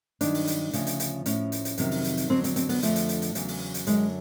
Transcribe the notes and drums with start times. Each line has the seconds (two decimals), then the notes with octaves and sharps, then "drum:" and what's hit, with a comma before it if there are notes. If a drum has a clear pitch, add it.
0.21 G2 D#3 F#3 D4, drum: hi-hat
0.34 drum: open hi-hat
0.47 drum: hi-hat
0.73 D2 C#3 F3, drum: hi-hat
0.87 drum: hi-hat
1.00 drum: hi-hat
1.26 A2 F3 C#4, drum: hi-hat
1.52 drum: hi-hat
1.65 drum: hi-hat
1.78 F2 C3 D#3 F#3, drum: hi-hat
1.91 drum: open hi-hat
2.04 drum: hi-hat
2.17 drum: hi-hat
2.30 F2 D3 F#3 C4
2.44 C4, drum: hi-hat
2.56 C4, drum: hi-hat
2.69 B3, drum: open hi-hat
2.83 F2 D3 F3 A3, drum: hi-hat
2.96 drum: hi-hat
3.09 drum: hi-hat
3.22 drum: hi-hat
3.35 E2 C#3 F#3, drum: hi-hat
3.48 drum: open hi-hat
3.74 drum: hi-hat
3.87 F#2 D3 F#3 G#3, drum: hi-hat